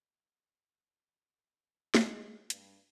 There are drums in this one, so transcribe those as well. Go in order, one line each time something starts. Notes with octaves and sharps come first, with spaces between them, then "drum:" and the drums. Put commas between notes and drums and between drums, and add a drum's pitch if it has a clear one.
G#3, drum: snare
G2, drum: hi-hat